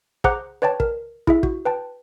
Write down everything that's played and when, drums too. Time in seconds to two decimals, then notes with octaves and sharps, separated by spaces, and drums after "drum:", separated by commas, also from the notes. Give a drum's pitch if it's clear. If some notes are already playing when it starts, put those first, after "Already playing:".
0.24 G#4 C5 F#5 A#5 D6 F#6, drum: kick
0.62 B4 C#5 D5 G5 A5
0.80 A#4, drum: kick
1.27 E4 G#4 E5, drum: kick
1.43 F#4, drum: kick
1.65 B4 G5 A5